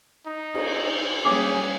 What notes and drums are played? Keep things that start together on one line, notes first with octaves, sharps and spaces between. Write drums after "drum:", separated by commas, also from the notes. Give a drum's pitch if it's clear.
D#4
drum: cymbal
G3 A#3 C#4 G#4 B4 G5 D6